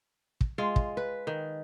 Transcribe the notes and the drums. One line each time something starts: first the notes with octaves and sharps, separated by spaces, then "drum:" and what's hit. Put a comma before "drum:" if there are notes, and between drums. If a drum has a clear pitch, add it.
drum: kick
G#3 F4
drum: kick
B4
D#3